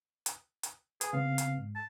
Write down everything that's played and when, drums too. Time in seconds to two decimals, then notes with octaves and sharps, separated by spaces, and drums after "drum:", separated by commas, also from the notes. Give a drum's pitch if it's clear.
0.26 drum: hi-hat
0.63 drum: hi-hat
1.01 G#4 B4, drum: hi-hat
1.13 C#3 B3 C4 F5
1.38 drum: hi-hat
1.57 G#2
1.75 A5